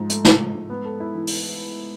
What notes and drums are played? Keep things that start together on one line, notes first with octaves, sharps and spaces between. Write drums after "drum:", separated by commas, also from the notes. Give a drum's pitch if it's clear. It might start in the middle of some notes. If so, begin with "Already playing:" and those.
Already playing: G#2 F3
A3, drum: hi-hat
G#2, drum: snare
F3
G#2
B3
A4
E4
E3
drum: open hi-hat